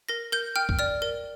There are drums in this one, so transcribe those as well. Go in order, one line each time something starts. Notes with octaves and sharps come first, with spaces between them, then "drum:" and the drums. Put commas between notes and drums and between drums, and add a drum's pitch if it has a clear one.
A#4 A#6
A#4 G6
G5 F6
drum: kick
D5 F6
A#4